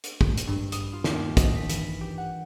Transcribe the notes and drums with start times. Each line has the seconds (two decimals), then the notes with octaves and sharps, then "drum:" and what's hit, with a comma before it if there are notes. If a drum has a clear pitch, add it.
0.04 drum: hi-hat
0.21 drum: kick
0.38 drum: hi-hat
0.47 G2
0.72 D#6, drum: hi-hat
0.93 F4
1.04 D#2, drum: snare
1.37 D#5, drum: kick, hi-hat
1.55 B6
1.69 E3, drum: hi-hat
2.01 G4
2.18 F#5